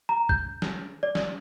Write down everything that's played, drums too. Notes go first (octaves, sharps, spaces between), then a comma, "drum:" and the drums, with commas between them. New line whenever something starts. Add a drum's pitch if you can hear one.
A#5
G6, drum: kick
drum: snare
D5
drum: snare